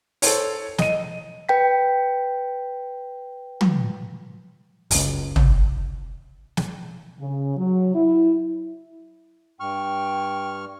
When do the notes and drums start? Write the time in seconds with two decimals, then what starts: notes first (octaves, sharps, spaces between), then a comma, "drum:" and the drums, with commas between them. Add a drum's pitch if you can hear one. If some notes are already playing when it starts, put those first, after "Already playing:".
0.22 A4 C5 C#5, drum: open hi-hat
0.78 D#5 D#7, drum: snare
1.49 B4 G5 B6
3.61 drum: tom
4.91 F#1 C#2, drum: open hi-hat
5.36 drum: tom
6.57 drum: snare
7.20 C#3
7.56 F#3
7.95 E4
9.60 G2 G5 C#6 F6